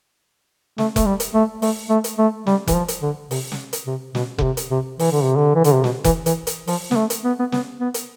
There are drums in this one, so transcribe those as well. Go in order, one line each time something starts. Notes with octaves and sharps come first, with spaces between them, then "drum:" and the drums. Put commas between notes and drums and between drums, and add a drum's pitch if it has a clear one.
A3, drum: snare
A3, drum: kick F1, hi-hat
G3
drum: hi-hat
A3
A3, drum: open hi-hat
A3
drum: hi-hat
A3
G3, drum: snare
E3, drum: kick F1, hi-hat
F3
drum: hi-hat
D3
C3, drum: open hi-hat
drum: snare
drum: hi-hat
C3
B2, drum: snare
D3, drum: kick F1
C3
drum: hi-hat
C3
E3, drum: open hi-hat
D3
C3
D3
E3
D3, drum: hi-hat
C3
B2, drum: snare
E3, drum: kick F1, hi-hat
E3, drum: hi-hat
drum: hi-hat
F3, drum: open hi-hat
B3, drum: snare
A3
drum: hi-hat
B3
B3
B3, drum: snare
B3
drum: hi-hat